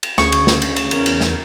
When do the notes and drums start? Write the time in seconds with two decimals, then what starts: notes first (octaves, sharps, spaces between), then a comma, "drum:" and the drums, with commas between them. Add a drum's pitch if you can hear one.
0.03 drum: cymbal
0.18 D2 C#3 G#4 C#6, drum: snare
0.32 drum: cymbal
0.47 drum: snare
0.62 drum: cymbal
0.76 drum: cymbal
0.91 E2 C#4 A#4, drum: cymbal
1.06 drum: cymbal
1.20 drum: snare